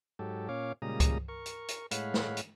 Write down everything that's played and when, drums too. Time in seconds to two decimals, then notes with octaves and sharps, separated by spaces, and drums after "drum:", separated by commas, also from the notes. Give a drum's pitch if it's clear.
0.19 G#2 F#3 G4 A4
0.49 A#2 C#4 C#5 F5 D6
0.82 A#2 C#3 G3 G#3 A#5 D#6
1.00 drum: kick C#2, hi-hat
1.28 A#4 C#6
1.46 drum: hi-hat
1.68 drum: hi-hat
1.91 A2 G#3 C#5 F5 F#5 B5, drum: hi-hat
2.14 drum: snare
2.37 drum: hi-hat